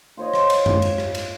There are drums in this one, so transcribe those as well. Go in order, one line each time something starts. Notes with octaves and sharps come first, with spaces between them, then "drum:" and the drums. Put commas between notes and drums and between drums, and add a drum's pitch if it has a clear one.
F4 C5 C#5 D#5
drum: rim click
drum: cymbal
drum: tom F#2
drum: cymbal
drum: rim click
drum: cymbal